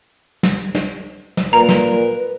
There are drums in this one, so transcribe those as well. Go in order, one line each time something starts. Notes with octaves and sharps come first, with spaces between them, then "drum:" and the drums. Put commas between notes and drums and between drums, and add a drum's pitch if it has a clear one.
drum: snare
drum: snare
drum: snare
A#2 A#4 B4 A#5
drum: snare